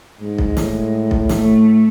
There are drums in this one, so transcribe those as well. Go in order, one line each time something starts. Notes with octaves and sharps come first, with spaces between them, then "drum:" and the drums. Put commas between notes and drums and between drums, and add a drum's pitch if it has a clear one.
G#2 G#3
drum: kick B1
A2, drum: snare
drum: kick B1
A3, drum: snare